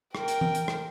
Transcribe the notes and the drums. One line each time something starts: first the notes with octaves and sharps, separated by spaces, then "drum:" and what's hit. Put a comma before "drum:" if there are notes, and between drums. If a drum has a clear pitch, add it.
A#4 G5, drum: rim click
drum: hi-hat
drum: tom E3
drum: hi-hat
drum: rim click